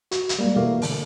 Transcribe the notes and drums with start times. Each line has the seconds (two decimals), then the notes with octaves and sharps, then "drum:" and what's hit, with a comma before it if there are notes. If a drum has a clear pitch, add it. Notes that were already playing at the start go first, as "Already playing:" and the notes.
0.11 F#4, drum: hi-hat
0.29 drum: hi-hat
0.39 G3 G#3 A#3
0.56 B2 E3 A3 A#3
0.82 D3, drum: open hi-hat